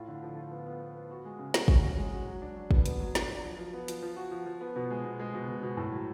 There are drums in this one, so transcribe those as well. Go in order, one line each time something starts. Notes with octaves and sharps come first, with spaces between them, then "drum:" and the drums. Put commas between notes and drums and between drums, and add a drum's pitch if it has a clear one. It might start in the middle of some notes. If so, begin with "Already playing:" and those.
Already playing: A2 F4
D3
F3
F4
B3
B3
B3
B3
F#4
G#3
C#3
F#4, drum: snare
C#4, drum: kick
F#4
G#3
F#4
F#3
D4
F#3
B3, drum: kick
B3, drum: hi-hat
F#3
D4, drum: snare
F#3
F3
F3
B3
F3, drum: hi-hat
F3
F#4
F3
F3
B3
B2
G#3
B2
G#3
B2
B2
B2
A2
F#3